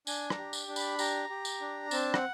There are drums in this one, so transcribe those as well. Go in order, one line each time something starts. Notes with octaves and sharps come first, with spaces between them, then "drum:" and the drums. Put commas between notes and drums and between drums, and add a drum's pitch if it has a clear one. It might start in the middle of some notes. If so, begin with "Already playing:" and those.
D4 G#5, drum: tambourine
A#5, drum: rim click
G4
drum: tambourine
D4
B5, drum: tambourine
G4 A#5, drum: tambourine
G4
drum: tambourine
D4
C4 A5, drum: tambourine
F#5, drum: rim click